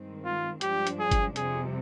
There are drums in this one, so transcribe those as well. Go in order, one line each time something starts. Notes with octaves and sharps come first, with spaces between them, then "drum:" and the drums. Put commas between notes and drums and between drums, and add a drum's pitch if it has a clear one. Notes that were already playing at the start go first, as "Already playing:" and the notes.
Already playing: G2 D#3 G#3 C4
F4
G2 F3 G#3 D4 G4, drum: hi-hat
drum: hi-hat
G#4
drum: kick G1, hi-hat
F2 C3 G3 G#4, drum: hi-hat